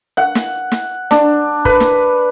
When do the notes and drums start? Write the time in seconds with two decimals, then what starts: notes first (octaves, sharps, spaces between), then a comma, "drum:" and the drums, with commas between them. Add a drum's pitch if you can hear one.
0.17 F#5
0.35 drum: snare
0.72 drum: snare
1.11 D4, drum: snare
1.65 B4, drum: kick
1.80 drum: snare